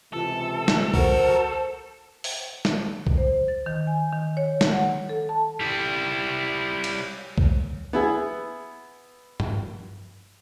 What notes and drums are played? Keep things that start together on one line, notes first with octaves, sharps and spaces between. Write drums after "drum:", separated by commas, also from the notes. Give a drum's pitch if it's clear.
C#2 C3 E3 F4 A4
drum: snare
F#4 A#4 C5, drum: kick B1
drum: open hi-hat
drum: snare
drum: kick B1
C5
A6
D#3
G#5
D#3
C#5
drum: snare
F#5
A4
A5
G3 E4
drum: cymbal
drum: kick B1
B3 E4 G#4
drum: tom G2